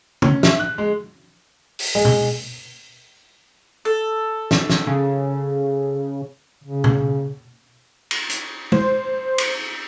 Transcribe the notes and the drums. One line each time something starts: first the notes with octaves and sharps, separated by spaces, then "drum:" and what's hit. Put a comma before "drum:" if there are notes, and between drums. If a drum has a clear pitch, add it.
C#4, drum: tom
E5, drum: snare
F#6
G#3
drum: open hi-hat
G#3
drum: tom B2
A4
drum: snare
drum: snare
C#3
C#3
drum: tom B2
drum: cymbal
drum: hi-hat
C5, drum: tom
drum: cymbal